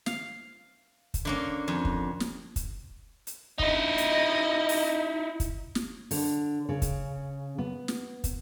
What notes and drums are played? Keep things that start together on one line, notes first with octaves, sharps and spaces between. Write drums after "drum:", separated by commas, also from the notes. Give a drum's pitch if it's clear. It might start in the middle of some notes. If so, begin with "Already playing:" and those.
F5, drum: snare
drum: kick, hi-hat
D3 A#3 C#4
F2
drum: kick
drum: snare
drum: kick, hi-hat
drum: hi-hat
D#4 E4 D#5, drum: kick
drum: hi-hat
drum: open hi-hat
drum: kick, hi-hat
drum: snare
D3, drum: open hi-hat
C#3
drum: kick, hi-hat
B3
drum: snare
drum: kick, hi-hat